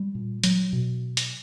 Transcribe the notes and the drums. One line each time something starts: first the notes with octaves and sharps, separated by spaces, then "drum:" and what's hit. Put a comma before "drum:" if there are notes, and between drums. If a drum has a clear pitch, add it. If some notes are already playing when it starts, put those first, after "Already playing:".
Already playing: G3
A#2
F#3, drum: hi-hat
B2
drum: hi-hat